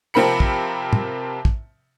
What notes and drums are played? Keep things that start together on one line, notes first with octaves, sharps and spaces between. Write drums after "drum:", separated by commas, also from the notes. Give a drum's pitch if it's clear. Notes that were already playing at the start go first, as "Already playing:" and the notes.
C3 F3 C4 A#4 B5 C#7
drum: kick
drum: tom
drum: kick